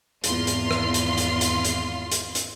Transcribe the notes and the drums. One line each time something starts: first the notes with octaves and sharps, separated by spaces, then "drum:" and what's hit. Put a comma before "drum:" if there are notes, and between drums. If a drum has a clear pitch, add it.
G#1 E2 F4 C6, drum: hi-hat
drum: hi-hat
drum: rim click
drum: hi-hat
drum: hi-hat
drum: hi-hat
drum: hi-hat
drum: hi-hat
drum: hi-hat